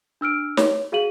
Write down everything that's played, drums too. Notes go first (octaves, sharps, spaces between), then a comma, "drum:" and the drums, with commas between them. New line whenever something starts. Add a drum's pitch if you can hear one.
D4 E6 F6 D7
C#5, drum: snare
F#4 G#4 F5 D#7 F#7